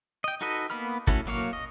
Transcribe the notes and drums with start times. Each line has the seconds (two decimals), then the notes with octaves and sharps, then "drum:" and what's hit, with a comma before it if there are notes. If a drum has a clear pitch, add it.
0.24 D#5 G5
0.41 D#4 F#4 A4 B4 D#5
0.70 A#3 B3 B5 F6
1.07 A3 C#4 E4 F#4 A4, drum: kick
1.27 F#3 A#3 C#5 F5
1.53 D#5